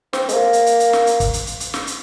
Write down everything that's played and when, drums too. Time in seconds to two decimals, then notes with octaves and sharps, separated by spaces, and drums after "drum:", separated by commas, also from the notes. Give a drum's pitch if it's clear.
0.13 C4, drum: snare
0.29 G#3, drum: hi-hat
0.33 A#3
0.53 drum: hi-hat
0.66 drum: hi-hat
0.80 drum: hi-hat
0.93 drum: snare
1.07 drum: hi-hat
1.20 drum: kick, hi-hat
1.33 drum: hi-hat
1.47 drum: hi-hat
1.60 drum: hi-hat
1.74 drum: snare
1.87 drum: hi-hat